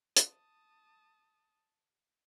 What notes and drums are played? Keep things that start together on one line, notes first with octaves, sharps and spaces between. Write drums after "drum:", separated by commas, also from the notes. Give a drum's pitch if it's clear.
A5 D#6, drum: hi-hat